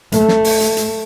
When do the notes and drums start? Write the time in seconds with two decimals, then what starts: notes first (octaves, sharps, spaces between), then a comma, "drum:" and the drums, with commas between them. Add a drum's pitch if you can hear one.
0.12 A3, drum: hi-hat
0.28 drum: snare
0.44 drum: open hi-hat
0.61 drum: hi-hat
0.77 drum: hi-hat